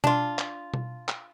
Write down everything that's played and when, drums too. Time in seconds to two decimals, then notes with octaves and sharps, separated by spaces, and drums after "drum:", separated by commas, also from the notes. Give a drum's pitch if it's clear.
0.04 D4 F4, drum: tom B2
0.39 drum: clap
0.74 drum: tom B2
1.08 drum: clap